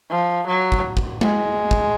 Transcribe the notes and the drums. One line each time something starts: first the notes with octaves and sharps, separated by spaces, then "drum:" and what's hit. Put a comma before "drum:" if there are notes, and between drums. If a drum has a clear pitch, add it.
F3
F#3
drum: kick
drum: kick
G#3, drum: tom G#3
drum: kick